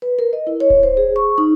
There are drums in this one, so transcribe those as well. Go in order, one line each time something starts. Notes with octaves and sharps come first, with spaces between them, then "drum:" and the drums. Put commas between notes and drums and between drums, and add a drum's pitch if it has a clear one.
B4
A#4
D#5
E4
C#5
drum: kick D1
C5
G#4
C#6
D#4